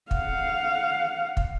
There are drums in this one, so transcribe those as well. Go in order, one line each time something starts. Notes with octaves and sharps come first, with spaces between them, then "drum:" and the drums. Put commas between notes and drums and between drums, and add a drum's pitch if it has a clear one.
F5 F#5, drum: kick
drum: kick